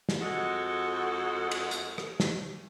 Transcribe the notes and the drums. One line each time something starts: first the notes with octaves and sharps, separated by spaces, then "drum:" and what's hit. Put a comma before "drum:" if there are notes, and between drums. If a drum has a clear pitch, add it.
drum: snare
F2 G#3 F#4 A4
drum: cymbal
drum: hi-hat
drum: rim click
drum: snare